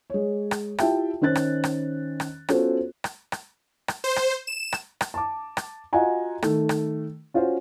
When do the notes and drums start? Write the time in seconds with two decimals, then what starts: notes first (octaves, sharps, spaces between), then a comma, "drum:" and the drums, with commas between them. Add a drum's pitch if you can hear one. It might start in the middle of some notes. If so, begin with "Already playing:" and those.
0.10 G#3 C#5
0.51 drum: rim click
0.78 E4 F4 G4 E5 G5 A5, drum: rim click
1.21 D#3 C#4 C5 F#6 A6
1.35 drum: rim click
1.64 drum: rim click
2.20 drum: rim click
2.49 B3 C#4 F4 F#4 A4 C5, drum: rim click
3.04 drum: rim click
3.32 drum: rim click
3.88 drum: rim click
4.04 C5
4.16 drum: rim click
4.47 E7
4.73 drum: rim click
5.01 drum: rim click
5.14 A5 D6
5.57 drum: rim click
5.93 F4 F#4 D#5 F#5 G#5 A#5
6.42 D#3 A3, drum: rim click
6.69 drum: rim click
7.34 C#4 F4 F#4 C5